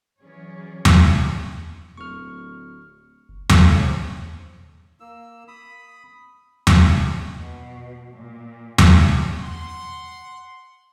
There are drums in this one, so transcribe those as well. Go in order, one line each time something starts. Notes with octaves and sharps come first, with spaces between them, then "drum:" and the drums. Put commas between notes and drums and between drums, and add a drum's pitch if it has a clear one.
E3 F#3 C#4 G#4 C#5 D5
drum: tom E2
D1 C#6 F6
F#1
C2 A4 C#5 F5, drum: tom E2
G2 C5
A#3 E6
B5 D#6
drum: tom E2
B2
A#2
drum: tom E2
F#5 C6